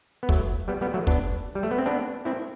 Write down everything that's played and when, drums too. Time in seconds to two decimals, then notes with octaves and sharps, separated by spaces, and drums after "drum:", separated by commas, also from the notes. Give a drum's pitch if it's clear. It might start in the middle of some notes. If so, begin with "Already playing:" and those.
0.23 B3
0.29 F#3 A3, drum: kick
0.68 G3 B3
0.81 G3 B3
0.94 F#3 A3
1.07 B3 D4, drum: kick
1.55 G3
1.63 A3
1.71 B3
1.78 C4
1.86 B3 D4
2.25 C4 E4